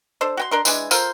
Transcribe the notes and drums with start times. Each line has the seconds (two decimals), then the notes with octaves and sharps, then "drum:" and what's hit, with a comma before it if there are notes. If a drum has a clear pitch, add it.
0.21 D4 A4 C5
0.37 F#4 G5 C6
0.51 D4 A#4 C6
0.65 E3 G#3 D4 G#5, drum: tambourine
0.91 F4 A4 A#4 C5, drum: tambourine